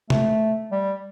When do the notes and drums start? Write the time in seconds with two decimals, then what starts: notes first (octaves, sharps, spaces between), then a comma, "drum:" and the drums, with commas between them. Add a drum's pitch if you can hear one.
0.10 A3, drum: tom C3
0.72 G3